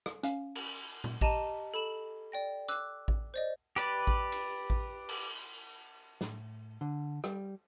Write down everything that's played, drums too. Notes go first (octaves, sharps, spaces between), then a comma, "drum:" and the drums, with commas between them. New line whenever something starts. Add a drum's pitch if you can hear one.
drum: rim click
C#4 F5, drum: hi-hat
drum: cymbal
drum: tom A#2
G4 D#5 A5 A#5 D#7 E7, drum: kick A1
A4 B5 E7 F#7
D5 G5 A#6
D6 E6 F#6, drum: hi-hat
drum: kick A1
C5 D5 D#5
G4 B4 D5, drum: hi-hat
drum: kick A1
drum: cymbal
drum: kick A1
drum: cymbal
A2, drum: snare
D3
G3, drum: rim click